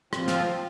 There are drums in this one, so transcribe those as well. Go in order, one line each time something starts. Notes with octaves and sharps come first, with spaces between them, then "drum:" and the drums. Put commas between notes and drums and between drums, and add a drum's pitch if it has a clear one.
F3 C4 F4, drum: rim click
drum: snare